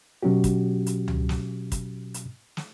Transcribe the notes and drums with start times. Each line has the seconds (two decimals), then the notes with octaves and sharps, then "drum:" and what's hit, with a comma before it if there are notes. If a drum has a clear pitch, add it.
0.23 B2 F#3 C#4 F#4 G4
0.44 drum: kick, hi-hat
0.86 drum: hi-hat
1.08 drum: tom C#2
1.29 drum: snare
1.72 drum: kick, hi-hat
2.14 drum: hi-hat
2.57 drum: snare